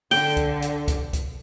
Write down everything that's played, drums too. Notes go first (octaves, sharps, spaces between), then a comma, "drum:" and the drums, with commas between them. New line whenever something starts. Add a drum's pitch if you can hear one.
D3 G5, drum: open hi-hat
drum: kick C#2, hi-hat
drum: hi-hat
drum: kick C#2, hi-hat
drum: kick C#2, hi-hat